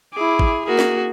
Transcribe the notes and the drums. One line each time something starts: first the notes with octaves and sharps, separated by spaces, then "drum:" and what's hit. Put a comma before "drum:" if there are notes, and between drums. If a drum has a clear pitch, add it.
E4 G#4 D6
drum: kick
A#3 F#4 G#4 A#4
drum: snare